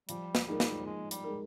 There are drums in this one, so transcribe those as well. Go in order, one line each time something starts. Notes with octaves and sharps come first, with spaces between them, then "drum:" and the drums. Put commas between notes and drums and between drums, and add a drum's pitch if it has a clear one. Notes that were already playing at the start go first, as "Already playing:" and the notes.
F3 G3, drum: hi-hat
drum: snare
G3 G#3 D#4 A#4
drum: snare
F3 G#3
G3, drum: hi-hat
G#3 D#4 A#4